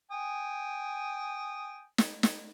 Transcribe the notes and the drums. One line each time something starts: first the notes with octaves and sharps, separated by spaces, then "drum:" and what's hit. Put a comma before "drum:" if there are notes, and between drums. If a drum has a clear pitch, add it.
G5 G#5 D#6
drum: snare
drum: snare